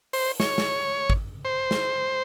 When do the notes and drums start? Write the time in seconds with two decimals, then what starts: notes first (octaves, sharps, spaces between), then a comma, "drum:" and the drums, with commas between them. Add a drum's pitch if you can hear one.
0.13 C5, drum: open hi-hat
0.40 C#5, drum: snare
0.58 drum: snare
1.10 drum: kick G#1
1.45 C5
1.71 drum: snare